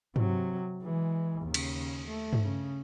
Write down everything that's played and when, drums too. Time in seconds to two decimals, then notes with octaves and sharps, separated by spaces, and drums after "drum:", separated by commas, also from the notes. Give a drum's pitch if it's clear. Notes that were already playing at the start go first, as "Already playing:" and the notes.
0.16 C3 F#3, drum: tom G2
0.83 E3 G#3
1.42 D#2 C#3
1.54 drum: cymbal
2.08 A3
2.33 drum: tom G2
2.43 C#3